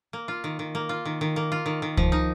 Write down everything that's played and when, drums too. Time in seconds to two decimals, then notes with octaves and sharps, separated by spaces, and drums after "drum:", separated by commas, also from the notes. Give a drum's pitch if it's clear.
0.13 A#3
0.28 F4
0.44 D#3
0.59 D#3
0.75 A#3
0.89 F4
1.05 D#3
1.21 D#3
1.36 A#3
1.52 F4
1.66 D#3
1.82 D#3
1.97 F3, drum: kick C#2
2.12 D#4